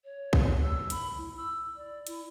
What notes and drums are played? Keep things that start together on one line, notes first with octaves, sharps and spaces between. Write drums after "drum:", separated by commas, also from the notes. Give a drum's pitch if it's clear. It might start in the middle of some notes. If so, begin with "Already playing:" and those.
C#5
drum: kick
E6
B5, drum: hi-hat
E4
E6
D5
E4, drum: hi-hat